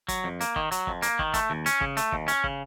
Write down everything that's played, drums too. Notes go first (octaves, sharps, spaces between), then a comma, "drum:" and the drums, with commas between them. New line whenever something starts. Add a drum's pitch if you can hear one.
F#3, drum: kick, hi-hat
F2
A#3, drum: hi-hat
D#3, drum: kick
F#3, drum: hi-hat
F2, drum: kick
A#3, drum: hi-hat
D#3, drum: kick
A3, drum: kick, hi-hat
D#2
C#4, drum: hi-hat
C#3, drum: kick
A3, drum: hi-hat
D#2, drum: kick
C#4, drum: hi-hat
C#3, drum: kick